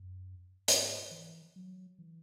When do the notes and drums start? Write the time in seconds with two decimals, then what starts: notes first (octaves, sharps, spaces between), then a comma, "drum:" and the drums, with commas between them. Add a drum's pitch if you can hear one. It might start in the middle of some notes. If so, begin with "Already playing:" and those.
Already playing: F#2
0.68 G#2, drum: hi-hat
1.11 E3
1.56 F#3
1.99 E3